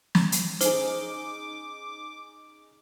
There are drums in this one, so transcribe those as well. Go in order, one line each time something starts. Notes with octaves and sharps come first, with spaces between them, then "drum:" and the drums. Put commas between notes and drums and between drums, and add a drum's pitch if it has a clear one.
drum: snare
drum: hi-hat
C#4 D#4 G#4 C5 D6, drum: hi-hat